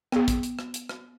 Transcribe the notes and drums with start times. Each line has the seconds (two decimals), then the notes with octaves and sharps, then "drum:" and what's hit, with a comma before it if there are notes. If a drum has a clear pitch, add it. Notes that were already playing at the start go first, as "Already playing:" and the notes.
0.12 B3 G#4, drum: rim click
0.28 drum: kick, hi-hat
0.43 drum: hi-hat
0.59 drum: rim click
0.74 drum: hi-hat
0.89 drum: rim click